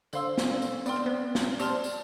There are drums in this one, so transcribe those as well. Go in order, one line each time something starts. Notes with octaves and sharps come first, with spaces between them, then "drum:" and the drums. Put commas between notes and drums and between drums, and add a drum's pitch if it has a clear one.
D3 A4 C5 F5 C6 E6, drum: tambourine
drum: snare
C4
drum: tambourine
B3 D5 G5 C6 F6, drum: tambourine
C4
B3
drum: snare
C4 G4 D5 A5 C6 F6, drum: tambourine
drum: tambourine